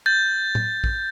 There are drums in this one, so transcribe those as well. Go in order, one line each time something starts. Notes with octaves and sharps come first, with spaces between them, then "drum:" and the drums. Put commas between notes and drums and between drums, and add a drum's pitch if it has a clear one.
G6 A6
drum: tom
drum: kick